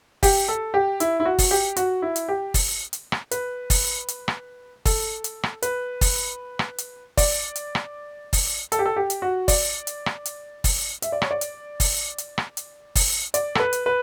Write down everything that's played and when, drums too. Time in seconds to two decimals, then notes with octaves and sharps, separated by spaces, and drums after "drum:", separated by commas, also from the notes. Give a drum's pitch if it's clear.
0.23 G4, drum: kick, open hi-hat
0.48 A4
0.74 G4
1.00 E4, drum: hi-hat
1.20 E4
1.25 F#4
1.39 drum: kick, open hi-hat
1.51 G4
1.76 F#4, drum: hi-hat
2.02 E4
2.16 drum: hi-hat
2.28 G4
2.54 drum: kick, open hi-hat
2.93 drum: hi-hat
3.12 drum: rim click
3.31 B4, drum: hi-hat
3.70 drum: kick, open hi-hat
4.08 drum: hi-hat
4.28 drum: rim click
4.85 A4, drum: kick, open hi-hat
5.24 drum: hi-hat
5.43 drum: rim click
5.62 B4, drum: hi-hat
6.01 drum: kick, open hi-hat
6.59 drum: rim click
6.78 drum: hi-hat
7.17 D5, drum: kick, open hi-hat
7.56 drum: hi-hat
7.75 drum: rim click
8.33 drum: kick, open hi-hat
8.72 A4, drum: hi-hat
8.79 G4
8.86 A4
8.96 G4
9.10 drum: hi-hat
9.22 F#4
9.48 D5, drum: kick, open hi-hat
9.87 drum: hi-hat
10.06 drum: rim click
10.26 drum: hi-hat
10.64 drum: kick, open hi-hat
11.02 E5, drum: hi-hat
11.12 D5
11.22 C#5, drum: rim click
11.31 D5
11.41 drum: hi-hat
11.80 drum: kick, open hi-hat
12.18 drum: hi-hat
12.38 drum: rim click
12.57 drum: hi-hat
12.95 drum: kick, open hi-hat
13.34 D5, drum: hi-hat
13.55 A4, drum: rim click
13.60 B4
13.73 drum: hi-hat
13.86 B4